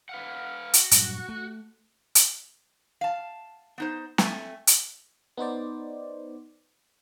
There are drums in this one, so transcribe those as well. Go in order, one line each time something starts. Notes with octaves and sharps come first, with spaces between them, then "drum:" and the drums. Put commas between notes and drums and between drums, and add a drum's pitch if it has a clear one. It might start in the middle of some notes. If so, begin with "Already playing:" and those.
B4 F5 F#5
F#4, drum: hi-hat
G2 A#2 F#3, drum: hi-hat
A3
drum: hi-hat
F5 A5
B3 D#4 C5
A3 C4 G#5, drum: snare
drum: hi-hat
B3 D#4 C5 D5